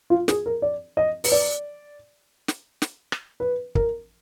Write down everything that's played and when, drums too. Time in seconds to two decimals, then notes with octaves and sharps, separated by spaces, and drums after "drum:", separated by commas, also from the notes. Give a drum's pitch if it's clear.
0.10 F4
0.28 G#4, drum: snare
0.46 A#4
0.62 D5
0.97 D#5
1.24 B4, drum: open hi-hat
1.32 D5
2.48 drum: snare
2.82 drum: snare
3.12 drum: rim click
3.40 B4
3.75 A#4, drum: kick